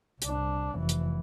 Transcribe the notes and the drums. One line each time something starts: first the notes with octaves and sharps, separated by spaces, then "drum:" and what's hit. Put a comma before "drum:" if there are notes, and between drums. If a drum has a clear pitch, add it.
C2 D4, drum: hi-hat
F1 E3
drum: hi-hat